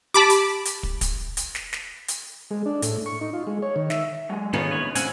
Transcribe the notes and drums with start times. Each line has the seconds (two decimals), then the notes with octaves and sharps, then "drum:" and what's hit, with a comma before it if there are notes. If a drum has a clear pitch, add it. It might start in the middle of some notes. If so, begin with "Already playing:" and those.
0.14 G4 A5 B5 D6
0.30 drum: hi-hat
0.65 drum: hi-hat
0.83 drum: kick
1.01 drum: kick, hi-hat
1.37 drum: hi-hat
1.55 drum: snare
1.73 drum: snare
2.08 drum: hi-hat
2.51 G#3
2.66 D4
2.82 A2, drum: hi-hat
3.06 C#6
3.21 D#4
3.33 F4
3.47 G#3
3.62 C#5
3.76 D#3
3.90 E5, drum: snare
4.30 F#3 G#3
4.53 D#3 B3 D#4 F4 G#4 A#4 C#5
4.71 D#2 A#2 C#3 B4 C#5
4.95 C4 C#4 F#5 G#5, drum: hi-hat